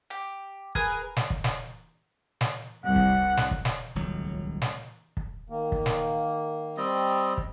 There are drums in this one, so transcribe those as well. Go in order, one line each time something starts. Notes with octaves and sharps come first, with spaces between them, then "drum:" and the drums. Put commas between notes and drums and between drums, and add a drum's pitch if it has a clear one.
G4
G#4 A#4 B4 G#5, drum: kick
drum: snare
drum: kick
drum: snare
drum: snare
C2 F#5
drum: kick
drum: snare
drum: kick
drum: snare
D#1 C#2 F#3
drum: snare
drum: kick
D#3 A#3
drum: kick
drum: snare
G3 C4 D#5
drum: kick